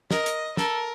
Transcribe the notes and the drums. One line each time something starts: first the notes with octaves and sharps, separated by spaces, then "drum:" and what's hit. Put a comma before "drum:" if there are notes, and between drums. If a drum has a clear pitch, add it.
A#4 D#5, drum: snare
drum: hi-hat
A4 A#4, drum: snare